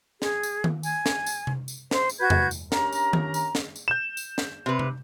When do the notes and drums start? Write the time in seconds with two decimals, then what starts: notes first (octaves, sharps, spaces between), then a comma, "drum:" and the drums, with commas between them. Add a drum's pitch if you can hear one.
0.22 G#4, drum: snare
0.43 drum: tambourine
0.64 drum: tom D#3
0.83 G#5, drum: tambourine
1.06 drum: snare
1.26 drum: tambourine
1.47 drum: tom C3
1.68 drum: tambourine
1.91 C5, drum: snare
2.09 drum: tambourine
2.20 F#4 B4 G6 G#6
2.30 drum: tom E2
2.51 drum: tambourine
2.72 C#4 D4 G4 A#4 A#5, drum: snare
2.93 drum: tambourine
3.13 drum: tom D#3
3.34 drum: tambourine
3.55 drum: snare
3.76 drum: tambourine
3.88 G6 E7
4.17 drum: tambourine
4.38 drum: snare
4.66 C3 B4
4.79 drum: tom C3